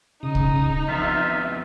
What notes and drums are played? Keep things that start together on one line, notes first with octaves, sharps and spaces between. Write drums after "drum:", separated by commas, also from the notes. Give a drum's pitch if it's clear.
C#3 D#4 A#5 D#6
drum: kick C2
F2 B3 F4 E5